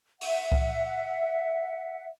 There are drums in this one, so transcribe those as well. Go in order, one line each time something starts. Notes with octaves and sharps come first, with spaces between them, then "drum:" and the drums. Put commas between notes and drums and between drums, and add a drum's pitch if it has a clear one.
E5 F#5, drum: open hi-hat
drum: kick C2